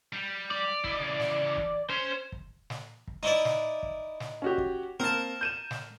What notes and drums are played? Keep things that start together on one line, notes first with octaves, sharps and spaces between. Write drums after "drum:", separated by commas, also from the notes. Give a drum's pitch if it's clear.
G3
D5
E4 D#5, drum: kick
C#3 E3
drum: snare
drum: kick
C#4 C5
drum: kick
drum: snare
drum: kick
D#4 E4 D5
drum: snare
drum: kick
drum: snare
C#4 F#4 G4
drum: kick
A#3 C4 A#4 A5
G6 D#7 E7
drum: snare